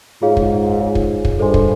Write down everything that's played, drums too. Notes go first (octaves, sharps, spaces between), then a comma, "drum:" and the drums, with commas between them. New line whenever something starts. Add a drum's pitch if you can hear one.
G#2 F4 G#4 C#5 F5
drum: kick
F4 G#4 C#5 F5
drum: kick
drum: kick
G2 A4 C5 D#5 G#5 C6
drum: kick